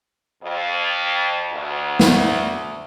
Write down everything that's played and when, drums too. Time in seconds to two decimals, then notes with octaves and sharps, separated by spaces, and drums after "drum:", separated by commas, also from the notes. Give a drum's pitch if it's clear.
0.42 F2
1.52 D2
1.99 drum: snare